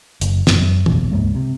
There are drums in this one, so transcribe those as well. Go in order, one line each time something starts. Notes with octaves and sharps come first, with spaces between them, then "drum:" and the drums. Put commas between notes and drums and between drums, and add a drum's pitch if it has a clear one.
F#1, drum: hi-hat
G1 F#2 A#2, drum: snare
F#2
F1 A#1 D#2 B2, drum: tom
C#2 G2 G#3 A#3
C3